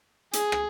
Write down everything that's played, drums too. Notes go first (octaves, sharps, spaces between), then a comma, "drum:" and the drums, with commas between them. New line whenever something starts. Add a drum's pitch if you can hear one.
G#4, drum: hi-hat
drum: rim click